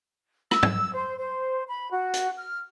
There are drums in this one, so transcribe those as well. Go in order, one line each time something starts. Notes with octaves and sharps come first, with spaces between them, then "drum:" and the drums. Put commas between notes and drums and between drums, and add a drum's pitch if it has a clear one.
E6, drum: rim click
drum: tom
C5
C5
B5
F#4
drum: hi-hat
F6